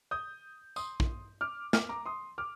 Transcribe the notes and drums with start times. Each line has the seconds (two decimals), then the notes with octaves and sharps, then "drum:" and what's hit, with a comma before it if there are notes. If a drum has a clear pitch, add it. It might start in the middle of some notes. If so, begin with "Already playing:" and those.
0.11 D#6 G6
0.76 C6 D#6, drum: tambourine
1.00 drum: kick
1.41 D6 F6
1.73 D6 F6, drum: snare
1.89 A#5 D6
2.06 C6 D#6
2.38 D6 F6